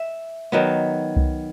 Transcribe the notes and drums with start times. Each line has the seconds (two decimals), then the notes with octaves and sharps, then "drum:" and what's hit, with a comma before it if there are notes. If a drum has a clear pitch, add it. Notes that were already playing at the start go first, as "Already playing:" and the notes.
Already playing: E5
0.52 D#3 F#3 B3
1.16 drum: kick C2